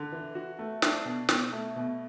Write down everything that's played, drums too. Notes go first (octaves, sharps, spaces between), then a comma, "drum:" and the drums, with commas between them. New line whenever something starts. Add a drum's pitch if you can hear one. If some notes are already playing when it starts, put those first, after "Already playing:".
Already playing: D3
E3
F#4
A3
D4, drum: snare
B2
B2, drum: snare
A3
B2